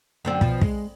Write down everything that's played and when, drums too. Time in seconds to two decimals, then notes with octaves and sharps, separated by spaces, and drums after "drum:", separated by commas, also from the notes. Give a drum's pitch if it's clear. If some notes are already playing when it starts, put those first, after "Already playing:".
0.25 F#2 D3 C4
0.41 B2 F3, drum: kick
0.61 G#3, drum: kick